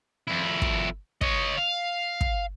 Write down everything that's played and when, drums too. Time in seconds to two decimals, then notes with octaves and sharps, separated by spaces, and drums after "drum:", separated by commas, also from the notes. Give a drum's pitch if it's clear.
0.27 F2 E4
0.62 drum: kick
1.21 C#5 D#5, drum: kick
1.57 F5
2.21 drum: kick